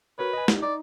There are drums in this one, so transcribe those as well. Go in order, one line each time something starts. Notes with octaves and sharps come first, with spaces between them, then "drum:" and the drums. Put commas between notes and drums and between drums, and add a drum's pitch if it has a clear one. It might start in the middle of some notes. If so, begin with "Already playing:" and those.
F#4 A#4 B4 C#5
D#5 G#5
D#4 G4, drum: snare
D#4 D5